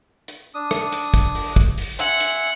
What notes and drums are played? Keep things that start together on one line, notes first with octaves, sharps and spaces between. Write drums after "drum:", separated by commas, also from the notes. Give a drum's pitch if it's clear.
drum: hi-hat
D4 D#6
drum: rim click
drum: hi-hat
drum: kick, hi-hat
drum: open hi-hat
drum: kick, hi-hat
drum: open hi-hat
E5 F#5 G#5 C6, drum: hi-hat
drum: hi-hat